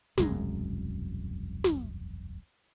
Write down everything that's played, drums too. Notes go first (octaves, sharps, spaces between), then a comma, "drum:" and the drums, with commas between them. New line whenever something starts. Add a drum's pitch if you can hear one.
E1 C2 F#2 G#3, drum: snare
drum: snare